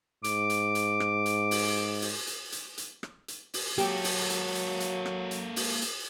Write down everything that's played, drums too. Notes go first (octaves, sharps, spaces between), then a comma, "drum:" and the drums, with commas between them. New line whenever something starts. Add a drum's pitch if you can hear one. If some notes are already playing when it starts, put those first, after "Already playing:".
G#2 D6, drum: hi-hat
drum: hi-hat
drum: hi-hat
drum: rim click
drum: hi-hat
drum: open hi-hat
drum: open hi-hat
drum: hi-hat
drum: hi-hat
drum: hi-hat
drum: rim click
drum: hi-hat
drum: open hi-hat
F#3 A#3 G4 A4, drum: hi-hat
drum: open hi-hat
drum: hi-hat
drum: hi-hat
drum: hi-hat
drum: rim click
drum: hi-hat
drum: open hi-hat
drum: hi-hat